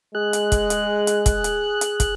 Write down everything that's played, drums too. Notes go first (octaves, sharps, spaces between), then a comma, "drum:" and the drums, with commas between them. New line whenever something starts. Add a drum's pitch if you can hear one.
G#3 G#4 F#6
drum: hi-hat
drum: kick, hi-hat
drum: hi-hat
drum: hi-hat
drum: kick, hi-hat
drum: hi-hat
drum: hi-hat
drum: kick, hi-hat